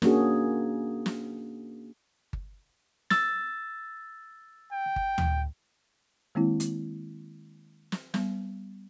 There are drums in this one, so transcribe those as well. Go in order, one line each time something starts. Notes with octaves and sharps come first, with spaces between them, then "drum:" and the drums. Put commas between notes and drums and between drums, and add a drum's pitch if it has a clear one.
A#3 C#4 D4 F#4 G#4, drum: snare
drum: snare
drum: kick G1
E6 A6, drum: snare
G5
drum: kick G1
drum: tom
D#3 G#3 A#3 C4 E4
drum: hi-hat
drum: snare
G3 B3, drum: snare